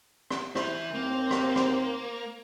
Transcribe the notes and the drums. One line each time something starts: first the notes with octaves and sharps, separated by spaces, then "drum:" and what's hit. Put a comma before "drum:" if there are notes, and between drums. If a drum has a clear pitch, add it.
drum: rim click
E4 B4 C5, drum: rim click
D#2 A#3 C4
drum: rim click
drum: rim click